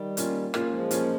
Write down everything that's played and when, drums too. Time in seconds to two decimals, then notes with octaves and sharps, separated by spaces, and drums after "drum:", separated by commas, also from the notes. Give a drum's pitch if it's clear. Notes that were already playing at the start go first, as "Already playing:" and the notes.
Already playing: D#3 G3
0.17 A#3 C#4 F4, drum: hi-hat
0.54 G#3 A#3 C#4 F4, drum: rim click
0.71 F3 G#3
0.91 A#3 C#4 F4, drum: hi-hat